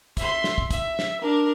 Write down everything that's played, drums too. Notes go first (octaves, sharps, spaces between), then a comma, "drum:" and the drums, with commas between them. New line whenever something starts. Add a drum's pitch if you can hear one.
E5 C6, drum: kick, hi-hat
drum: snare
drum: kick
E5, drum: kick, hi-hat
drum: snare
D4 A#4